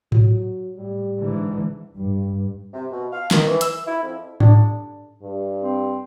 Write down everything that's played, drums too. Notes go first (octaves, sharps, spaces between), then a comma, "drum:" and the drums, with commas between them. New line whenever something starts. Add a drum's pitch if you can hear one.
F#3, drum: tom G#2
A2 G3
G#2 D3 E3
G2
C3
B2
F5
D#3, drum: snare
E3
E6, drum: hi-hat
E4
F2
D4, drum: tom G#2
G2
C4